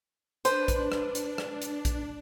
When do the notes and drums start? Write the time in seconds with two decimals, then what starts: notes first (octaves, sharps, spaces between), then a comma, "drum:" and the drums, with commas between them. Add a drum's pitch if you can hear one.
0.45 D4 B4 C5, drum: hi-hat
0.68 drum: kick A#1, hi-hat
0.92 drum: rim click
1.15 drum: hi-hat
1.38 drum: rim click
1.62 drum: hi-hat
1.85 drum: kick A#1, hi-hat